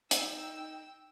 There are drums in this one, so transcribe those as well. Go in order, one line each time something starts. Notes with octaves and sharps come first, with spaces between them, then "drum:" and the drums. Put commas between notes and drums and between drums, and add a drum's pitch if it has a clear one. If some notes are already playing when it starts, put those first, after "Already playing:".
D#4 G5 E6, drum: hi-hat